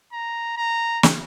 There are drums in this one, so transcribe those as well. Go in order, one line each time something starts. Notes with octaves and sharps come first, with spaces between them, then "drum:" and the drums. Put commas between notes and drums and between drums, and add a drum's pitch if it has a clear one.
A#5
A#5
drum: snare